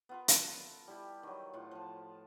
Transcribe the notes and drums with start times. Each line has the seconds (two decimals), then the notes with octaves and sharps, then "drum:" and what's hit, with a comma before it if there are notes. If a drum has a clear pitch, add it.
0.09 B3 F4 A#4
0.28 A4, drum: hi-hat
0.88 G3 E4 G4
1.23 D#3 F#3
1.53 A2 F4 F#5 C6
1.71 F3 A5